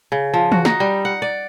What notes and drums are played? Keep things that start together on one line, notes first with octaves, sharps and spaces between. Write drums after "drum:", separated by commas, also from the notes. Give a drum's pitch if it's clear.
C#3
F3
F#4, drum: tom E3
D#4, drum: snare
G3
F#5
D5